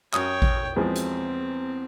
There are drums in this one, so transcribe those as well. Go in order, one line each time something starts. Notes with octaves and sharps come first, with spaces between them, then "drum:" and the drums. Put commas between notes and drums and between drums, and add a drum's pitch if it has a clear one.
F#2 C#5 G5 D#6, drum: clap
drum: kick A1
drum: cymbal
E2 F3 G#3 C4
drum: hi-hat